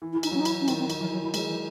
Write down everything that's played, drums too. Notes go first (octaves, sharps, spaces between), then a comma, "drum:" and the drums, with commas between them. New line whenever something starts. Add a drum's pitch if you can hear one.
E3
E4
E3
D#4, drum: cymbal
F#3 C#4
D#4
E3 E4, drum: cymbal
C#4
D#3 C4, drum: cymbal
C4
D#3, drum: cymbal
E3 F#3
E3 F#3
F#3 E4
F#3 G#3, drum: cymbal
E3